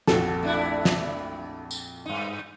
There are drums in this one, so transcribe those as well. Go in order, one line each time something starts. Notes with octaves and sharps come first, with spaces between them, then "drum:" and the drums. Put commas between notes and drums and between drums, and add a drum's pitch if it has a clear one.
A#1 F2 F#4 A4, drum: snare
A3 D4 E4
drum: snare
drum: tambourine
G2 D#4